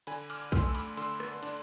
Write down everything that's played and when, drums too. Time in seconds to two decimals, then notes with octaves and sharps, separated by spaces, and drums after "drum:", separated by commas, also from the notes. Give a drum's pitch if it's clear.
0.07 D3 G#5 B5, drum: cymbal
0.30 D6 F6, drum: cymbal
0.52 A3 C6 E6, drum: kick A#1, cymbal
0.69 E6
0.75 B5 D6, drum: cymbal
0.97 D3 C6 E6, drum: cymbal
1.20 drum: rim click
1.43 D4, drum: cymbal